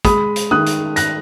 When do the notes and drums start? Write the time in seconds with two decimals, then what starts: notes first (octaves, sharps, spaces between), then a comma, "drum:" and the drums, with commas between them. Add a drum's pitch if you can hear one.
0.05 G#3 B5 D#6, drum: kick, hi-hat
0.36 drum: hi-hat
0.51 D#3 D#6 F#6
0.66 drum: hi-hat
0.96 F#6 A#6, drum: hi-hat